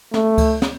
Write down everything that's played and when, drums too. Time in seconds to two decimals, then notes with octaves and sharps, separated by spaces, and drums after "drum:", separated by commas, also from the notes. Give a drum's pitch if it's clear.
0.14 A3, drum: snare
0.38 drum: kick C#2, cymbal
0.62 drum: snare